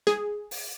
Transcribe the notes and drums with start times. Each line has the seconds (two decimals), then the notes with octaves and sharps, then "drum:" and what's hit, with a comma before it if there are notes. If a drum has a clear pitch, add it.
0.07 G#4, drum: snare
0.51 drum: open hi-hat